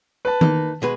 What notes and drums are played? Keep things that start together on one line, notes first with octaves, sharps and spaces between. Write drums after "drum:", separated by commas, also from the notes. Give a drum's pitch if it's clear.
B4 A5
A#3 D#4, drum: tom D#3
B2 G#3 B4